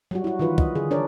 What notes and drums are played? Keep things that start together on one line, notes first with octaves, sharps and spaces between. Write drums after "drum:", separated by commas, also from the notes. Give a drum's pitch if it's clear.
F#3 G3 F#4
E4 F#4
D#3 E3 F4 B4
D#5, drum: kick
D3 G#4
D4 A#4 C#5 D5